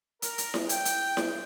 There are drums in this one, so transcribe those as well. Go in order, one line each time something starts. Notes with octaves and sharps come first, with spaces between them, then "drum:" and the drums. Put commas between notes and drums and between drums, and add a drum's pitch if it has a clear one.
A#4, drum: hi-hat
drum: hi-hat
drum: snare E4
G5, drum: hi-hat
drum: hi-hat
drum: snare E4